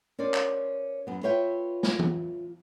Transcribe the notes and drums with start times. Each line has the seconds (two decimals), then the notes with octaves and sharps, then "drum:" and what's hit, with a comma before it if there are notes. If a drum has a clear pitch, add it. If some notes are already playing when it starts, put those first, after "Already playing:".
0.19 C#4 A#4 C5 D5
0.34 drum: clap
1.07 F#2 B3
1.23 F4 B4 C#5 E5 G5
1.83 drum: snare
1.99 drum: tom E3